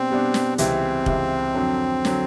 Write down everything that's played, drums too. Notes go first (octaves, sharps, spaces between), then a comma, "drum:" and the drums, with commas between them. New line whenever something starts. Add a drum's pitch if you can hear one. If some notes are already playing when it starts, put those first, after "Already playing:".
Already playing: B2 G3 B3 C4 D4
B2 G3 B3 D4
drum: snare
C#2 C3 E3 G3 C4, drum: hi-hat
C#2 C3 E3 G3, drum: kick F1
F2 D3 F#3
D3 F#3, drum: snare